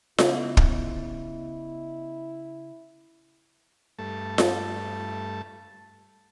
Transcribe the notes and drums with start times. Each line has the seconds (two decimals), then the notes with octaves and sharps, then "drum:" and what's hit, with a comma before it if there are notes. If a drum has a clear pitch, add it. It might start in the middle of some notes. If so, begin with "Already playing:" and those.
0.18 C#3 B3 E4 D#5, drum: snare F4
0.57 drum: kick
3.99 G2 A3 A5
4.38 drum: snare F4